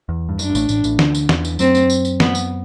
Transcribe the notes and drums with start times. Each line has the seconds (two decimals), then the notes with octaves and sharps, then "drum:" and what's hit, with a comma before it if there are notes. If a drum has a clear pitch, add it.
0.09 E2
0.29 G2
0.39 F#2 D4, drum: tambourine
0.50 G2
0.55 A1 A2, drum: tambourine
0.69 A1 A2, drum: tambourine
0.84 A1 A2, drum: tambourine
0.99 D2 D3, drum: snare
1.15 drum: tambourine
1.29 E2 E3, drum: snare
1.45 drum: tambourine
1.59 F#2 F#3 C4, drum: tambourine
1.75 drum: tambourine
1.90 drum: tambourine
2.05 drum: tambourine
2.20 B3, drum: snare
2.35 drum: tambourine